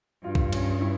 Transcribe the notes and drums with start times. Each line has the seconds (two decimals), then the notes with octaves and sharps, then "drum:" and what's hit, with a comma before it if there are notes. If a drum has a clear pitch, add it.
0.24 G2 F4
0.35 drum: kick B1
0.53 C#4, drum: cymbal
0.81 E4